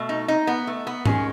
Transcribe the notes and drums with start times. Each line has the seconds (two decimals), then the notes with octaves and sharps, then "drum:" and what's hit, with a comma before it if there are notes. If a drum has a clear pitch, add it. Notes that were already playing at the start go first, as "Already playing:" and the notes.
Already playing: B2 A3
0.09 D#4
0.28 D#4
0.47 B3
0.67 A3
0.87 B3
1.06 D#3 G#3 C#4, drum: tom G#2